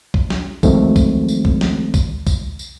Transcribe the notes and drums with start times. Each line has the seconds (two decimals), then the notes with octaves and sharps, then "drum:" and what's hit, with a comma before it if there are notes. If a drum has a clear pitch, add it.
0.14 drum: kick
0.30 drum: snare
0.63 D#3 F3 F#3 G#3 A3 C4, drum: kick, tambourine
0.96 drum: kick, tambourine
1.28 drum: tambourine
1.45 drum: kick
1.61 drum: snare
1.94 drum: kick, tambourine
2.27 drum: kick, tambourine
2.59 drum: tambourine